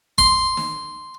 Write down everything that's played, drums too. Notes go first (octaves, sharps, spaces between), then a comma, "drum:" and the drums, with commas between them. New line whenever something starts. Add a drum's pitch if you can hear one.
C6, drum: kick
drum: snare